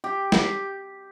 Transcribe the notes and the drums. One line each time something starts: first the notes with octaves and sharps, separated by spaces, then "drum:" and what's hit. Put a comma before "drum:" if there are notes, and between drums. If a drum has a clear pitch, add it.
G4
G4, drum: snare